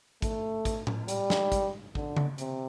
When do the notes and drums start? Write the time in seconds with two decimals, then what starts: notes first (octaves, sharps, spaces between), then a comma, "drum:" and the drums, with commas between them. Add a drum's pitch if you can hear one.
0.22 A3, drum: kick, hi-hat
0.65 drum: kick, hi-hat
0.87 drum: tom A2
1.08 G3, drum: hi-hat
1.30 drum: snare
1.52 drum: kick, hi-hat
1.95 D3, drum: kick
2.16 drum: tom C#3
2.38 C3, drum: hi-hat